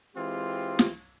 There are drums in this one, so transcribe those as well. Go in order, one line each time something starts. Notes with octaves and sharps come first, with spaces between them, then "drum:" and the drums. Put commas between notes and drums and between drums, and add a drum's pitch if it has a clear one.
E3 G#3 C4 F4 G4
drum: snare